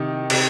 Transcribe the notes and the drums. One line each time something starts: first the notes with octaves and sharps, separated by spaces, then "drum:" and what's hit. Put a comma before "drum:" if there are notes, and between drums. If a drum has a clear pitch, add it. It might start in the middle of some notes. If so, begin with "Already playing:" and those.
Already playing: C3 D#3 D#4
C3, drum: cymbal